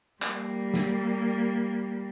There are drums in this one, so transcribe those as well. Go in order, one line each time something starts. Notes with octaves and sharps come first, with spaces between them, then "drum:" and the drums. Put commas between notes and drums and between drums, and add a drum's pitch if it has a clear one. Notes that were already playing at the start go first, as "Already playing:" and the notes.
G3 A#3, drum: clap
drum: snare